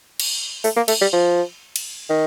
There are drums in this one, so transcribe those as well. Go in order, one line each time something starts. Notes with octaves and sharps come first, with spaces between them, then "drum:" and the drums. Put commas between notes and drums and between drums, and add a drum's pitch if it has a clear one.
drum: cymbal
A3, drum: open hi-hat
A#3
A3, drum: cymbal
G3
F3
drum: cymbal
D#3